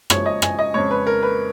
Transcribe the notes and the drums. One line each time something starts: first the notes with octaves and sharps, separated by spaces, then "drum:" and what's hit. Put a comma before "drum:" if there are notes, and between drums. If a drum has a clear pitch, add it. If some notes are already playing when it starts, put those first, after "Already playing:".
F#1 F#2 F3 G#3 C#5, drum: rim click
D#5
G#5, drum: rim click
D#5
F2 C#3 G#3 C#5
B4
A#4
B4